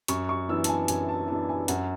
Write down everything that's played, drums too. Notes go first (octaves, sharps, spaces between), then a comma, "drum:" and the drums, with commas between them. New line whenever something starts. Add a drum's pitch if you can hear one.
F#2 C#6, drum: hi-hat
C#6
E3 B3 D4 E6
A5, drum: hi-hat
G#5
F#2 G#5, drum: hi-hat
A5
E3 B3 D4 A5
G#5
F#2 F#5, drum: hi-hat